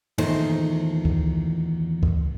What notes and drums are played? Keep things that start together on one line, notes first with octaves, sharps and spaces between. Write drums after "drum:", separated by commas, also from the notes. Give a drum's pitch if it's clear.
E2 A#2 D#3 A3 D#4 C5, drum: cymbal
drum: kick
drum: kick